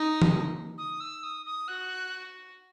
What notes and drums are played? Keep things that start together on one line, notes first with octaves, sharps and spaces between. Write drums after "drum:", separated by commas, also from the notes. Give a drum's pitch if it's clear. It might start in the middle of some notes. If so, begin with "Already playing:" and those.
Already playing: D#4 D#6
drum: tom D3
D#6
E6
D#6
D#6
F#4 F#6